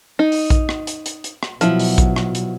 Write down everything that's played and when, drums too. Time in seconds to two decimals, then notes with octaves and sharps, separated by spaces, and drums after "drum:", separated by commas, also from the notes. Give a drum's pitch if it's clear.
0.19 D#4
0.32 drum: open hi-hat
0.50 drum: kick A#1, hi-hat
0.69 drum: rim click
0.87 drum: hi-hat
1.06 drum: hi-hat
1.24 drum: hi-hat
1.43 drum: rim click
1.61 B2 F3 F#3 E4, drum: hi-hat
1.79 drum: open hi-hat
1.98 drum: kick A#1, hi-hat
2.16 drum: rim click
2.35 drum: hi-hat